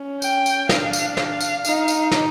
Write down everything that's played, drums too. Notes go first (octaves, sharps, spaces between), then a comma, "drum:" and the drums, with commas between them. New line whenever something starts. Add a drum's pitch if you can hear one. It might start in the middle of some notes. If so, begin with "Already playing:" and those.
Already playing: C#4
G5, drum: tambourine
drum: tambourine
D4 F5, drum: snare
drum: tambourine
F5, drum: snare
drum: tambourine
D#4, drum: tambourine
drum: tambourine
drum: snare